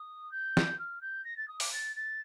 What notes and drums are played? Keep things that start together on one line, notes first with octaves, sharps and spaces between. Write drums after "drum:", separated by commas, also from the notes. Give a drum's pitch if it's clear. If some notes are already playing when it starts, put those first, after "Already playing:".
Already playing: D#6
G6
drum: snare
F6
G6
A#6
A6
D#6
D6, drum: open hi-hat
A6
A6